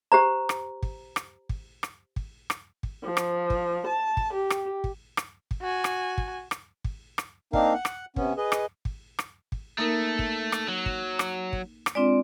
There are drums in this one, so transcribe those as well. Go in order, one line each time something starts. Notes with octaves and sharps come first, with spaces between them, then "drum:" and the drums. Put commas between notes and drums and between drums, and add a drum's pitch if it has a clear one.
G4 C5 A#5
drum: rim click
drum: kick
drum: rim click
drum: kick
drum: rim click
drum: kick
drum: rim click
drum: kick
F3
drum: rim click
drum: kick
A5
drum: kick
G4
drum: rim click
drum: kick
drum: rim click
drum: kick
F#4 G#5
drum: rim click
drum: kick
drum: rim click
drum: kick
drum: rim click
A#3 C4 D4 D#4 A#4 F5, drum: kick
F#5
drum: rim click
C3 B3 C#4, drum: kick
G#4 B4 D#5
drum: rim click
drum: kick
drum: rim click
drum: kick
A3 A#3 D#4 A#4
drum: kick
drum: rim click
F#3
drum: kick
drum: rim click
drum: kick
drum: rim click
G#3 C4 D4 F4 D5